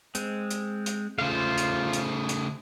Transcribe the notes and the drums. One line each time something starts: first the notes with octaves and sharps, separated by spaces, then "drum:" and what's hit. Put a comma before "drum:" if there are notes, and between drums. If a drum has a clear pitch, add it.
G#3 C4, drum: hi-hat
drum: hi-hat
drum: hi-hat
C#3 A3 F4 C5 F5
drum: hi-hat
drum: hi-hat
drum: hi-hat